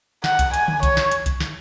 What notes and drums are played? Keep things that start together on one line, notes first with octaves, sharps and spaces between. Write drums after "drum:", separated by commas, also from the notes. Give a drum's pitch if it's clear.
F#5, drum: snare
drum: kick C2, hi-hat
G#5, drum: hi-hat
drum: tom D3
C#5, drum: kick C2, hi-hat
drum: snare
drum: hi-hat
drum: kick C2, hi-hat
drum: snare